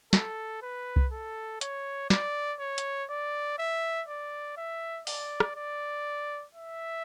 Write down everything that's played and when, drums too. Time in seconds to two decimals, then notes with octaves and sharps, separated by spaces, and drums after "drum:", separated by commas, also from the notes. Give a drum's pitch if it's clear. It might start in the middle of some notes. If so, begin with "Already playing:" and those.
0.13 A4, drum: snare
0.62 B4
0.96 drum: kick C2
1.12 A4
1.61 C#5, drum: hi-hat
2.10 D5, drum: snare
2.60 C#5
2.78 drum: hi-hat
3.10 D5
3.59 E5
4.08 D5
4.57 E5
5.07 D5, drum: open hi-hat
5.40 drum: rim click
5.56 D5
6.55 E5